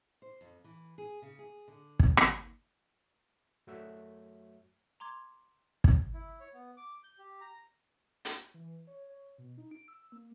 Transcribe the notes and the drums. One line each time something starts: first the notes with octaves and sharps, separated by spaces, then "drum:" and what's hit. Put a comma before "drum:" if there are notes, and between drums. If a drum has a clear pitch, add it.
C5
F2
E3
G#4
C#3
G#4
D3
drum: kick
D#2, drum: rim click
F#2 F#3 A3 F#4 C#5 E5
A#5 C6 D6 G#6
drum: kick
E4
C#5
B3
D6
G6
G4
A#5
drum: hi-hat
E3
C#5
C#5
B2
D#4
D7
E6
A#3